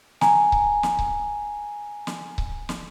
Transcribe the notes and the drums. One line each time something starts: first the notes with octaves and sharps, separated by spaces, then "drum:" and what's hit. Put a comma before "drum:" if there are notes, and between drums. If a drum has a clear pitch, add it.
G#5 A#5, drum: snare
drum: kick C#1
drum: snare
drum: kick C#1
drum: snare
drum: kick C#1
drum: snare